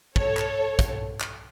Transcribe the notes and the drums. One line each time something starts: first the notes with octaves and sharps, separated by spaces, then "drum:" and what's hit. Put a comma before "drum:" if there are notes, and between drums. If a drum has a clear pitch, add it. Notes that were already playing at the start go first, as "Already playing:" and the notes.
A4 C#5, drum: kick
drum: clap
drum: kick, hi-hat
drum: clap